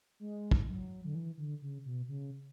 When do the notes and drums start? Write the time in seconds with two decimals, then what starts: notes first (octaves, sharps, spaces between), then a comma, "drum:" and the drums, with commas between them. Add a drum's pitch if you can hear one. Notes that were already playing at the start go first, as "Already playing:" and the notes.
0.20 G#3
0.51 drum: kick
0.68 F#3
1.04 D3
1.15 E3
1.38 D3
1.62 C#3
1.85 B2
2.08 C#3